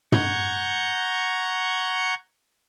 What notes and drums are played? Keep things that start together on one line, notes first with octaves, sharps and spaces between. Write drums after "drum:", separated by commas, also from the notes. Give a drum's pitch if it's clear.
F#5 A#5 C#6 G6 G#6, drum: tom